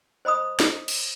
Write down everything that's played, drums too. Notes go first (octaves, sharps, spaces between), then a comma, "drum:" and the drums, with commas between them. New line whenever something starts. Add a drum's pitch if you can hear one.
C5 D#5 B5 D#6
drum: snare
drum: cymbal